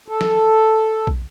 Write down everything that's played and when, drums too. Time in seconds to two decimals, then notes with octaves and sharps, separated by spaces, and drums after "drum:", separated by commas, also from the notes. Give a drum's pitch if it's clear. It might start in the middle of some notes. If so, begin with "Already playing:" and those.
0.08 A4
0.21 drum: snare
1.07 drum: kick B1